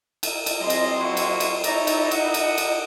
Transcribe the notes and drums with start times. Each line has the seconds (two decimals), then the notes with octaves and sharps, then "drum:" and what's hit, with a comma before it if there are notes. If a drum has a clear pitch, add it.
0.23 drum: cymbal
0.46 drum: cymbal
0.60 F#3 C4 G#4 D#5 C6
0.70 drum: cymbal
1.00 A#3 E4 F#4
1.17 drum: cymbal
1.40 drum: cymbal
1.64 D#4 E4 C#5 D5 E5 A#5, drum: cymbal
1.87 drum: cymbal
2.11 D#5 F#5, drum: cymbal
2.34 drum: cymbal
2.58 drum: cymbal